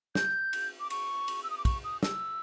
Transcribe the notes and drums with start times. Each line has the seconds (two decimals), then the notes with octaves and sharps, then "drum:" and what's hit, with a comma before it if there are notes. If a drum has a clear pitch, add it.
0.15 G6, drum: snare
0.53 drum: cymbal
0.80 D6
0.90 C#6, drum: cymbal
1.28 drum: cymbal
1.44 E6
1.50 D#6
1.58 D6
1.65 C#6, drum: kick, cymbal
1.84 D#6
2.03 E6, drum: snare